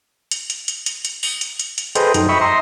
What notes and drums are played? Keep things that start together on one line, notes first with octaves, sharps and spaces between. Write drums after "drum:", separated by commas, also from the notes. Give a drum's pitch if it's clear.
drum: hi-hat
drum: hi-hat
drum: hi-hat
drum: hi-hat
drum: hi-hat
drum: open hi-hat
drum: hi-hat
drum: hi-hat
drum: hi-hat
G#4 A4 B4 C5 D#5 G5, drum: hi-hat
F#2 D#4, drum: hi-hat
D#5 E5 G5 B5 C#6
D#5 E5 A#5 C6